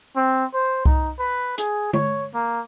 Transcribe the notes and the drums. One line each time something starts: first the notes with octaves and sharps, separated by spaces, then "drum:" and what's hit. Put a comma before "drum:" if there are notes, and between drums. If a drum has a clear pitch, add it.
C4
C5
D#4, drum: kick C2
B4
G#4, drum: hi-hat
C#5, drum: tom D3
A#3